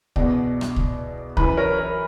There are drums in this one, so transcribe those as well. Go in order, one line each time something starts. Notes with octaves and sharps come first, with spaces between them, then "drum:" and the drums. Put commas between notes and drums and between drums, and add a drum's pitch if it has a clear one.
E2 B2 D5 F#5, drum: kick
drum: rim click
drum: kick
F#2 E3 B4, drum: kick
A#4 C#5
A#4